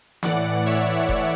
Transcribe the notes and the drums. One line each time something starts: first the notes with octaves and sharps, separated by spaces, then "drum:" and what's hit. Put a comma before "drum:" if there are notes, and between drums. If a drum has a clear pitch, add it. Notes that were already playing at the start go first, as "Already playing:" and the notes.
A2 E3 D5 F#5, drum: snare
C#5 E5
drum: kick F1